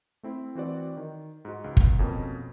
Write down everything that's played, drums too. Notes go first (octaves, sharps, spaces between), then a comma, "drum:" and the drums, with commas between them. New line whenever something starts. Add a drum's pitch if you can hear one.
A3 C4 E4
E3 C4 F#4 D5
D#3
G#2 F#4
C#2
drum: kick
F2 B2 A#3 C#4